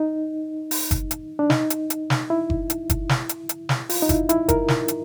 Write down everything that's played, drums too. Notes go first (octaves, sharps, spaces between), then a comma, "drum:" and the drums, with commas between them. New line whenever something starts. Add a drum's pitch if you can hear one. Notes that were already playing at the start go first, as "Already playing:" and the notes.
Already playing: D#4
drum: open hi-hat
drum: kick F#1, hi-hat
drum: hi-hat
D4
D#4, drum: snare
drum: hi-hat
drum: hi-hat
drum: snare
E4
drum: kick F#1
drum: hi-hat
drum: kick F#1, hi-hat
drum: snare
drum: hi-hat
drum: hi-hat
drum: snare
F4, drum: open hi-hat
D#4
E4, drum: kick F#1, hi-hat
E4, drum: hi-hat
A#4, drum: kick F#1, hi-hat
drum: snare
drum: hi-hat